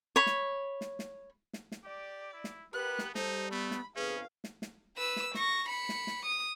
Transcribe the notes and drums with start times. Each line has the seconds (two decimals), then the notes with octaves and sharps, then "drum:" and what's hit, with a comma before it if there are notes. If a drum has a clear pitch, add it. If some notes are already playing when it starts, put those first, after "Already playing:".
0.16 C#5 B5
0.26 drum: snare
0.81 drum: snare
0.99 drum: snare
1.53 drum: snare
1.72 drum: snare
1.84 G4 D5
2.33 E4
2.44 drum: snare
2.73 B3 G4 A#4 B4 F#6
2.99 drum: snare
3.15 G3 D#4 A4 C5, drum: snare
3.51 A3 B3 B5
3.71 drum: snare
3.96 G1 F2 C#4 G#4 B4 F5
4.44 drum: snare
4.62 drum: snare
4.97 B4 E6
5.16 drum: snare
5.35 C#6 A#6, drum: snare
5.69 B5 C#7
5.89 drum: snare
6.07 drum: snare
6.25 D#6